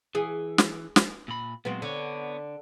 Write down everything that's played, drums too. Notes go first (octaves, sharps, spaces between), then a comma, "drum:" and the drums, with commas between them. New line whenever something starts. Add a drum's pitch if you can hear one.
E3 G#4
drum: snare
drum: snare
A#2 B5
A#2 F#3 G#3 B3 C4
D3 B3 C#5